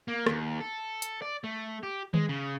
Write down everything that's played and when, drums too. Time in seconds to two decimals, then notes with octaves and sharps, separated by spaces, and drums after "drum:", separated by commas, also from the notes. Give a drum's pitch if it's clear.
0.08 A#3
0.26 D#2, drum: rim click
0.60 A4
1.02 drum: hi-hat
1.22 D5
1.44 A3
1.83 G4
2.14 G#3, drum: tom D#3
2.29 C#3